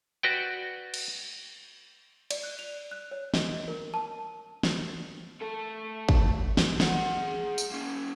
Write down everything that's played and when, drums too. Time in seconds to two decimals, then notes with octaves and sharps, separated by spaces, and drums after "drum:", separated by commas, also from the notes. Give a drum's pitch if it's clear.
0.23 F#4 B4 D5 G5
0.94 drum: cymbal
2.31 D5, drum: cymbal
2.43 F#6
2.59 F7
2.91 F#6
3.11 C#5
3.34 D#5, drum: snare
3.68 A#4
3.94 A5
4.63 drum: snare
5.41 A3 A4
6.09 drum: kick
6.57 drum: snare
6.80 G#4 F#5, drum: snare
7.58 drum: tambourine
7.72 A#3 C#4